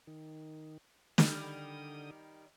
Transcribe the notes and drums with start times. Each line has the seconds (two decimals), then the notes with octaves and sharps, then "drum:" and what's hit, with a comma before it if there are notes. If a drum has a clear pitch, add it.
0.07 D#3
1.18 D3 D#3 G3 D#6, drum: snare